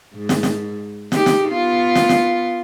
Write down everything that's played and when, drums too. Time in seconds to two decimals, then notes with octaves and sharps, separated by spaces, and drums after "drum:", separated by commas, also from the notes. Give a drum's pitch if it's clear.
0.15 G#2
0.29 drum: snare
0.43 drum: snare
1.12 D#4 G4, drum: snare
1.26 drum: snare
1.48 B3 F4
1.95 drum: snare
2.09 drum: snare